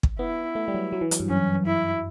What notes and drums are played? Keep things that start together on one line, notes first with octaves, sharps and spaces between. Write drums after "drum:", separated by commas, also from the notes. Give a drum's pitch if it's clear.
drum: kick
B3 E4
A3
G3
F#3
F#3
E3
F#3, drum: hi-hat
G2
F#2 C#4
E4